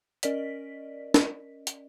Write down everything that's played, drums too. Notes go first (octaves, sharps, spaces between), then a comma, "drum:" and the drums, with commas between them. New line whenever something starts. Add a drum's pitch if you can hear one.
C#4 A#4 D5 D#5 B6, drum: hi-hat
drum: snare
drum: hi-hat